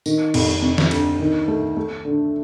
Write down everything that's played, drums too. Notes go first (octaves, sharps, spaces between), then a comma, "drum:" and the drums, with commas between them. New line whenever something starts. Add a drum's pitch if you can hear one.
D#3, drum: tambourine
F1, drum: cymbal
C3
drum: snare
D2, drum: cymbal
D#3
A3
A3
D3